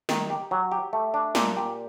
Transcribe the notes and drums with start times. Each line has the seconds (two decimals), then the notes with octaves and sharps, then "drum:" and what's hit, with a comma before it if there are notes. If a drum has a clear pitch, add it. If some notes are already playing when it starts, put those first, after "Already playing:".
0.09 D#3, drum: snare
0.30 G4
0.51 F#3
0.72 G4
0.93 A3
1.14 D4
1.35 A#2, drum: snare
1.57 G4